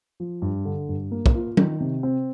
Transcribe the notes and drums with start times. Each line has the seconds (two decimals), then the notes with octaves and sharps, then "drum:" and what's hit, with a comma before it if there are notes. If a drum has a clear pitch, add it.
0.20 F3
0.42 G2
0.65 D3
0.89 G2
1.11 A#3
1.26 drum: kick
1.35 F4
1.57 D#3, drum: tom
1.80 C3
2.03 C4